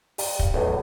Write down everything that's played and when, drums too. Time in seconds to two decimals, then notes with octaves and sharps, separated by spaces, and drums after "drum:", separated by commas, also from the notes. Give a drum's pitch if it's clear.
0.18 G4 D5 F5, drum: open hi-hat
0.39 drum: kick
0.54 B1 E2 A2